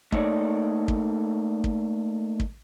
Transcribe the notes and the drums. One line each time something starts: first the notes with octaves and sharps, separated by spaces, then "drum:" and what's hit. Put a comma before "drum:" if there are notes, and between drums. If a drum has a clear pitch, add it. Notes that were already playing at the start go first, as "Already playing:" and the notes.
A3 A#3 D#4 A4 C#5 D5, drum: kick
drum: kick
drum: kick
drum: kick